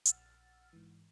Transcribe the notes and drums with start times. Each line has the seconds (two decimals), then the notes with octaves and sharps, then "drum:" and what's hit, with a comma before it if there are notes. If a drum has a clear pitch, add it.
0.05 A#1 F#5 E6 F6 A6, drum: hi-hat
0.73 G#2 E3